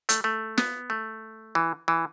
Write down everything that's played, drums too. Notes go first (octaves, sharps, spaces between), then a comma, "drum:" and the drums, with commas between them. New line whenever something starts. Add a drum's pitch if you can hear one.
A3, drum: hi-hat
A3
B3, drum: snare
A3
E3
E3